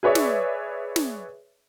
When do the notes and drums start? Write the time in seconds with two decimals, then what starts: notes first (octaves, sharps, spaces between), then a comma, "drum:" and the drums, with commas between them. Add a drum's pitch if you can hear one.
0.03 G#4 B4 C#5 D5 E5
0.15 drum: snare
0.96 drum: snare